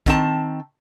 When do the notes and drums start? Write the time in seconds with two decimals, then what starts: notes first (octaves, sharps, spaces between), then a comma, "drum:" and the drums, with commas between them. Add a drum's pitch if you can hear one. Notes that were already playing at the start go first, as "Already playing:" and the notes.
0.06 D#3 C4 F#5 A5, drum: kick, hi-hat